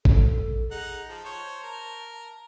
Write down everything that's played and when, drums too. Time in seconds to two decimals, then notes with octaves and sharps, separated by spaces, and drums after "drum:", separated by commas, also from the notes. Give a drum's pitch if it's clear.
0.05 A4, drum: kick A1
0.71 D#4 G#4 F#5
1.08 F3 A5
1.25 C5 C#5
1.63 A#4